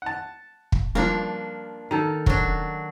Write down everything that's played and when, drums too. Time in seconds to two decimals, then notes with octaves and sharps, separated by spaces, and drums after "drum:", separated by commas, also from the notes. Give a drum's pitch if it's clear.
0.02 F#5 A5
0.72 drum: kick
0.95 G2 F3 A#3 D4
1.91 D#3 A4 A#5
2.26 F#3 D4, drum: kick